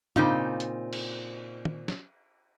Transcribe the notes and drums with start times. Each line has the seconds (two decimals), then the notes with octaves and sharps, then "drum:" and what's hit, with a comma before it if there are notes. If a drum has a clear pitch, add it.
0.16 A#2 C#3 C4 D#4 F4, drum: tom
0.60 drum: hi-hat
0.93 drum: cymbal
1.65 drum: tom
1.88 drum: snare